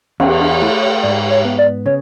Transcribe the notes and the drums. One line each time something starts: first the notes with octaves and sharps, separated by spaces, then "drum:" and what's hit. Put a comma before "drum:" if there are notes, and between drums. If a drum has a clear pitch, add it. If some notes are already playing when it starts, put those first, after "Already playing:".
E2 C#4, drum: cymbal
D4
A3 E4
C#5
G#2 D5
C#5
B3
D5
C#3 C#5